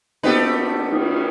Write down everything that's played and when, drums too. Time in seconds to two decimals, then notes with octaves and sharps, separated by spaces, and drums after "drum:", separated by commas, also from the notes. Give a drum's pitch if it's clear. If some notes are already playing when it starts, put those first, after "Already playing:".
0.23 A3 B3 C4 D#4 G4 B4, drum: cymbal
0.92 drum: cymbal